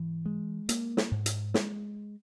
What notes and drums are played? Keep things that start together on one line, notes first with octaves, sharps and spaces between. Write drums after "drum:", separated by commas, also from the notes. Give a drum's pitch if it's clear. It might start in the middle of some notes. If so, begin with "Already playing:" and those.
Already playing: G#2 E3
G#3
A#3, drum: hi-hat
drum: snare
G#2
drum: hi-hat
G#3, drum: snare